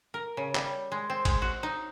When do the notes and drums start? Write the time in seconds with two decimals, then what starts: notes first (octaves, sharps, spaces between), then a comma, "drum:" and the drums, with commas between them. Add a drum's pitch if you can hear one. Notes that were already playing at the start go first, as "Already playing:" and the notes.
0.14 A#4
0.37 C#3
0.55 G3, drum: clap
0.92 G#3
1.10 C4
1.25 G#3, drum: kick, cymbal
1.42 F#4
1.63 D#4